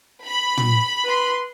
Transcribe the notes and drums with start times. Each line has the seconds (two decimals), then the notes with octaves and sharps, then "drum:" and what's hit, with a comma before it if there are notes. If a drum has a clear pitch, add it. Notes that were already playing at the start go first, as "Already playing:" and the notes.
0.25 B5
0.57 drum: tom
1.04 B4 C6